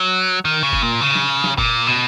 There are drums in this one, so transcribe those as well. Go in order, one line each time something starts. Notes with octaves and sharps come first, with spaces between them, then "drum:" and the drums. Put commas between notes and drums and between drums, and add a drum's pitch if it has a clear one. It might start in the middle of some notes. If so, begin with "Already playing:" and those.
Already playing: F#3
D#3
C#3
drum: kick F1
A#2
C#3
drum: snare
drum: snare
A#2, drum: kick F1
B2